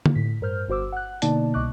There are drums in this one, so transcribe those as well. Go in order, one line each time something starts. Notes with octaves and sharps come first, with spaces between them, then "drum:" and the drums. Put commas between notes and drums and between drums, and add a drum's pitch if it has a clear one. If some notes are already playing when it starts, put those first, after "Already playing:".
drum: tom D3
A2 B6
G2 A#4 C5 F6 G6
G1 F#4 C5 D6 E6
F#5 F#6
B2 D3 A#3 D#4 D5 A5, drum: hi-hat
C2 B2 D#5 C#6 D6 F#6